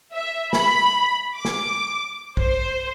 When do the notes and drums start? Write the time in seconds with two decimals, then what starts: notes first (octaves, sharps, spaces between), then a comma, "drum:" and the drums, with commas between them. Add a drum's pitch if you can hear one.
0.13 E5
0.53 B5, drum: snare
1.35 D6
1.45 drum: snare
2.37 C5, drum: kick